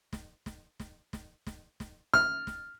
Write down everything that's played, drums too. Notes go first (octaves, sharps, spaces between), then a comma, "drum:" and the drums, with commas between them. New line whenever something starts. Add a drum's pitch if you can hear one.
drum: snare
drum: snare
drum: snare
drum: snare
drum: snare
drum: snare
F6, drum: snare
drum: snare